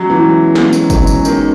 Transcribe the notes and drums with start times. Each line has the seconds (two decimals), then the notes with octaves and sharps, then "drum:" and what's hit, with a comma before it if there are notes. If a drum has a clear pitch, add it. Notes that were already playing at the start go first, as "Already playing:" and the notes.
Already playing: B2 F#3 G#3 C#4
0.10 E3
0.55 drum: snare
0.73 drum: tambourine
0.90 drum: kick, tambourine
1.07 drum: tambourine
1.25 D#3, drum: tambourine